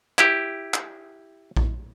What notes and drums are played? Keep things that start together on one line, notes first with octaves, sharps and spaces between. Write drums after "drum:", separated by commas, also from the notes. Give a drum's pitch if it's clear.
E4 G4, drum: clap
drum: clap
drum: kick A#1